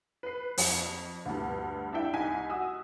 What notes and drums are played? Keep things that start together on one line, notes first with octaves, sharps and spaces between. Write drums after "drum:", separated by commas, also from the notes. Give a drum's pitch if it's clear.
B4 C7
F2, drum: open hi-hat
D2 G2
D4 E4 E5 G5
C2 D#4 G#5 B6
F#4 D#6 E6